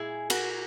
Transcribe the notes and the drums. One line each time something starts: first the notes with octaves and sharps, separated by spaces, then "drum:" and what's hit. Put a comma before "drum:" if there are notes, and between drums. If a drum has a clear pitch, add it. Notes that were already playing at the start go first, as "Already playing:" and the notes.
Already playing: A#2 G#3 E4 G#4
F#4 A#4, drum: cymbal